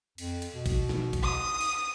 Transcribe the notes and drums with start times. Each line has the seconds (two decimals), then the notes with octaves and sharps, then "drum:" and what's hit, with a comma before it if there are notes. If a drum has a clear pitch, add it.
0.18 F2, drum: cymbal
0.42 drum: cymbal
0.54 B2
0.66 drum: kick A1, cymbal
0.89 drum: snare
1.13 drum: kick A1, cymbal
1.23 D#6
1.61 drum: cymbal